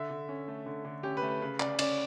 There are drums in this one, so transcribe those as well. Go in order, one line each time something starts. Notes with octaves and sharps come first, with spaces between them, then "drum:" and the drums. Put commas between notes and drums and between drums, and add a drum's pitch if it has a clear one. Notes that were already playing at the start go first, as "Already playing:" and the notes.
Already playing: D3 E5
D3
C#4
A3
D3
D3
C#4 G4
B4
A3
B4
C#3 B4
C#3 D5, drum: clap
C#4 D5, drum: cymbal